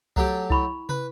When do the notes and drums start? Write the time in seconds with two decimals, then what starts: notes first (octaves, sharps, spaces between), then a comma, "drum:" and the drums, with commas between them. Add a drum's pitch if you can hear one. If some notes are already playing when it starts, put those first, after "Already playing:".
0.16 F#3 A3 G4, drum: kick C2
0.50 E4 B5 C#6, drum: kick C2
0.89 B4, drum: tom